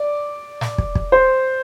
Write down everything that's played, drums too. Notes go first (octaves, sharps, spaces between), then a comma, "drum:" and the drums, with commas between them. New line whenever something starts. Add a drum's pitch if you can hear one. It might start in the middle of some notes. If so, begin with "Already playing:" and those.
Already playing: D5
drum: snare
drum: kick
drum: kick
C5